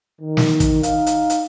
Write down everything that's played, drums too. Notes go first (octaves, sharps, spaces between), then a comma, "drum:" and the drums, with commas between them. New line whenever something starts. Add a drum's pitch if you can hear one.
D#3
drum: snare
drum: kick, hi-hat
D#4 F5, drum: hi-hat
drum: hi-hat
drum: hi-hat